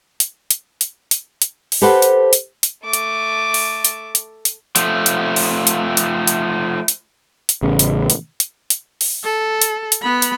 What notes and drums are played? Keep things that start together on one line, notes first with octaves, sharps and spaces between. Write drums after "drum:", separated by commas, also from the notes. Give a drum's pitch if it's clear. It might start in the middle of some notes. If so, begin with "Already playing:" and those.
drum: hi-hat
drum: hi-hat
drum: hi-hat
drum: hi-hat
drum: hi-hat
drum: open hi-hat
G4 A4 B4 C5 F#5
drum: hi-hat
drum: hi-hat
drum: hi-hat
A3 D6
drum: hi-hat
drum: open hi-hat
drum: hi-hat
drum: hi-hat
drum: hi-hat
F3 A3, drum: hi-hat
drum: hi-hat
drum: open hi-hat
drum: hi-hat
drum: hi-hat
drum: hi-hat
drum: hi-hat
drum: hi-hat
A1 C#3
drum: hi-hat
drum: hi-hat
drum: hi-hat
drum: hi-hat
drum: open hi-hat
A4
drum: hi-hat
drum: hi-hat
B3 B5
drum: hi-hat